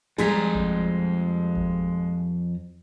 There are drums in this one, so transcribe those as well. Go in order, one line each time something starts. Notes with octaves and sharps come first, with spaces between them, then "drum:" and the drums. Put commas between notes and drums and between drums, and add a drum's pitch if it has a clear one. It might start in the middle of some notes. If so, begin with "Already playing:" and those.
F2 G3 G#3 G4 G#4 A#5 B6, drum: snare
drum: kick G#1
drum: kick G#1